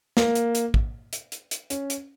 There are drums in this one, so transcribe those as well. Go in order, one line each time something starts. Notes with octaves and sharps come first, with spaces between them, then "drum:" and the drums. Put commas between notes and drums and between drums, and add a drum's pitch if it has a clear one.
A#3, drum: snare
drum: hi-hat
drum: hi-hat
drum: kick
drum: hi-hat
drum: hi-hat
drum: hi-hat
C#4, drum: hi-hat
drum: hi-hat